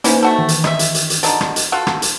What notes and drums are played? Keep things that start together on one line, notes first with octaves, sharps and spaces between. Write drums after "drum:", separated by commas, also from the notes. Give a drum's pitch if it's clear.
E3 F#3 A#3 C#4 D#4 C5, drum: hi-hat
A3 F#4 A4
D#3 E3
drum: hi-hat
D#5 E5, drum: rim click
drum: hi-hat
drum: hi-hat
drum: hi-hat
D3 F#3 D#4 A6, drum: hi-hat
drum: rim click
drum: hi-hat
F4 F#4 A4
drum: rim click
drum: hi-hat